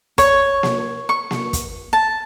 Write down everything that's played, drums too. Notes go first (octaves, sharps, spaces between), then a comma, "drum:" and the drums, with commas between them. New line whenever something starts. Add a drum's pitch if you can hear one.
C#5, drum: kick, hi-hat
drum: snare A#3
C#6
drum: snare A#3
drum: kick, hi-hat
A5